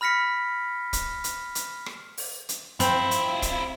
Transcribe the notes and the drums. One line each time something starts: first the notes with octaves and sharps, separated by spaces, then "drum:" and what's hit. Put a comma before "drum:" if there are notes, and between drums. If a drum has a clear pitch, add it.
B5 F6 A#6 B6 C#7
drum: kick, hi-hat
drum: hi-hat
drum: hi-hat
drum: rim click
drum: open hi-hat
drum: hi-hat
C4 E4 F4, drum: hi-hat
drum: hi-hat
drum: kick, hi-hat